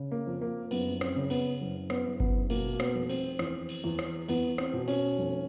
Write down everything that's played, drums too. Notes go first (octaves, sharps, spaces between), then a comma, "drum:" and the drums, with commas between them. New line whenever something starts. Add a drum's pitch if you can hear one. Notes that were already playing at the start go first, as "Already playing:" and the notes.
Already playing: C#3
A#3
F2
A#3
F#1 B3, drum: cymbal
C4, drum: rim click
C#3
B3, drum: cymbal
F#1
B3, drum: rim click
F#1
B3, drum: kick G1
B2 A#3, drum: cymbal
A#3
B3, drum: rim click
F1
C4, drum: cymbal
E2, drum: rim click
drum: cymbal
E2
drum: rim click
E2 B3, drum: cymbal
C4, drum: rim click
B2
C#4, drum: cymbal
F1